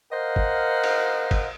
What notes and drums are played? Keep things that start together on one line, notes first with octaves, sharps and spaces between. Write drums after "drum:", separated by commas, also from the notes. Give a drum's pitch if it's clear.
A#4 C5 D#5 F5 F#5
drum: kick
drum: cymbal
drum: kick, cymbal